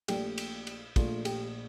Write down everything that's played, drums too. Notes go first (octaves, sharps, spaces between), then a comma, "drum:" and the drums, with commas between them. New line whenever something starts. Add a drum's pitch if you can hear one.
A#1 A#2 A3 G4, drum: cymbal
drum: cymbal
drum: cymbal
A#1 A#2 A3 F4, drum: kick, cymbal
G4, drum: cymbal